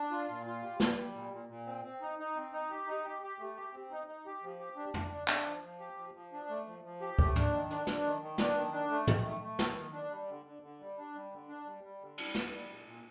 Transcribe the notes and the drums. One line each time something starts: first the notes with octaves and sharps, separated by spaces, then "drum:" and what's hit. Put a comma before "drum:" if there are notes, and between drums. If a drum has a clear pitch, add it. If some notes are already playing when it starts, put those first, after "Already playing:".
Already playing: D4
F4
A#2
F4
G3
G3, drum: snare
G3
A#2
A#2
A#2
C4
C4
D#4
D#4
C4
D#4
G4
D#4
G4
G4
A3
G4
C4
D#4
D#4
G4
F3
G4
D4
D4, drum: tom
D4
D4, drum: clap
F3
F3
G4
F3
F3
D4
A3
F3
F3
G4
A3, drum: kick D2
D4, drum: tom
D#3
D4, drum: hi-hat
D4, drum: snare
D#3
D#3
D4, drum: snare
D#3
D4
A3
D#3, drum: tom
A3
A3
D#3, drum: snare
D#3
D4
G3
D3
D3
D3
G3
D4
G3
D3
D4
G3
G3
D3
G3, drum: cymbal
D3, drum: snare
G3
A#2
A#2